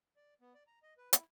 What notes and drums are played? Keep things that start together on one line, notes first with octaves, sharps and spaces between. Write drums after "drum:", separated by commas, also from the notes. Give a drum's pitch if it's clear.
D5
B3
D5
A#5
D#5
B4
E4, drum: hi-hat